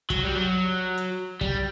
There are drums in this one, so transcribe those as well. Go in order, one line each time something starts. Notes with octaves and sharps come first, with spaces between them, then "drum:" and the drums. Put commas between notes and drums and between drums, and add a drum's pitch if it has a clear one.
F#3, drum: kick, hi-hat
G3
F#3
drum: hi-hat
G3, drum: kick